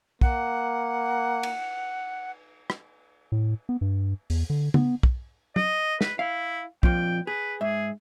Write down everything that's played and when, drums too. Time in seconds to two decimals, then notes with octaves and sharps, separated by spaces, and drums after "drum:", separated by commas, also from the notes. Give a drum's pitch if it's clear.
0.21 A#3 F#5, drum: kick
1.43 drum: cymbal
2.70 drum: rim click
3.32 A2
3.69 B3
3.81 G2
4.30 E2, drum: open hi-hat
4.50 D3
4.74 B3, drum: tom C#3
5.03 drum: kick
5.56 D#5, drum: tom
6.01 B4, drum: snare
6.19 E4 F5
6.83 F2 A#2 F3 G5, drum: kick
7.27 G#4 B4
7.61 G#2 G#4 E5